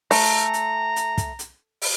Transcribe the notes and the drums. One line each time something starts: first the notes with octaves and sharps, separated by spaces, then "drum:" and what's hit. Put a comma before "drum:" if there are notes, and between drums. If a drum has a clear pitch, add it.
A3 A#5, drum: open hi-hat
drum: hi-hat
drum: hi-hat
drum: kick, hi-hat
drum: hi-hat
drum: open hi-hat